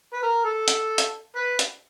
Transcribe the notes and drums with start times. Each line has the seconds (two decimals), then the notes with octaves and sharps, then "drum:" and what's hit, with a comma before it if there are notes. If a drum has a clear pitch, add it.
0.14 B4
0.23 A#4
0.45 A4
0.68 drum: hi-hat
0.98 drum: hi-hat
1.36 B4
1.59 drum: hi-hat